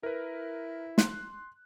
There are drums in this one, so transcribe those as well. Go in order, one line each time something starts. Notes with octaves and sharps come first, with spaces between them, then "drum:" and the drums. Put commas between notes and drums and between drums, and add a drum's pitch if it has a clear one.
E4 A#4 B4
C6 F#6, drum: snare